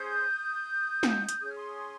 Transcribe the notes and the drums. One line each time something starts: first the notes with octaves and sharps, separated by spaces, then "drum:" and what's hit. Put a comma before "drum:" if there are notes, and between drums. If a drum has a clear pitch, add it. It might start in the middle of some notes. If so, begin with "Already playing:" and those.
Already playing: C#4 G#4 C5 D#6 G6
drum: snare
drum: hi-hat
C#4 G#4 C#5 D#6
F6
C6 D#6